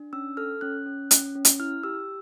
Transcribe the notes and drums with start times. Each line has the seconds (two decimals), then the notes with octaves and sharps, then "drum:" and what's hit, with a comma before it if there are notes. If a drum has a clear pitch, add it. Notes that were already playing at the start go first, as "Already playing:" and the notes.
Already playing: D4
0.13 C#4 E6
0.37 A4 F6
0.61 C#4 F#6
0.86 C#4
1.11 C#4, drum: hi-hat
1.35 C#4
1.45 drum: hi-hat
1.60 E4 F6
1.83 G4 E6